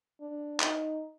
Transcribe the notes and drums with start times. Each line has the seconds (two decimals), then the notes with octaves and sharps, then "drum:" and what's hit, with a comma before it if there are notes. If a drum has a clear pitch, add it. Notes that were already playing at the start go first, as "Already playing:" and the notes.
0.21 D4
0.60 D#4, drum: clap